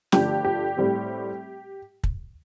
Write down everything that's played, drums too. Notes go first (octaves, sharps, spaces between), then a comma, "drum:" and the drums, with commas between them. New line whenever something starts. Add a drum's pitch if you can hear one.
G2 D3 F3 A3 D4 G4, drum: snare
G4
A2 G3 C4
drum: kick